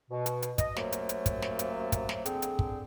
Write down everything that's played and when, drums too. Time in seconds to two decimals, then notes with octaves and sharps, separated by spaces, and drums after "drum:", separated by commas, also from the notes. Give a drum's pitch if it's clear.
0.11 B2
0.26 drum: hi-hat
0.42 drum: hi-hat
0.58 D#5, drum: kick, hi-hat
0.76 F#2 C3 F#3 A3 A#3, drum: snare
0.92 drum: hi-hat
1.09 drum: hi-hat
1.26 drum: kick, hi-hat
1.42 drum: snare
1.59 drum: hi-hat
1.92 drum: kick, hi-hat
2.09 drum: snare
2.26 D3 C4 G#4, drum: hi-hat
2.42 drum: hi-hat
2.59 drum: kick